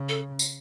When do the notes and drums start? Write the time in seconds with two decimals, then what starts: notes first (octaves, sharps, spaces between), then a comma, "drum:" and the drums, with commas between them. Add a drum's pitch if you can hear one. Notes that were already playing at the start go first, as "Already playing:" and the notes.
Already playing: C#3
0.09 A4
0.39 drum: tambourine